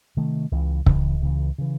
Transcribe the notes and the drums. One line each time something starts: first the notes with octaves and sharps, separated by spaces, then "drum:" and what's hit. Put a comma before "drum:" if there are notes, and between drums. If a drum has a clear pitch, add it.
C3 D#3 A3
C#2 C#3 E3
C#2 C#3 E3, drum: kick C#1
C#2 C#3 E3
C#3 E3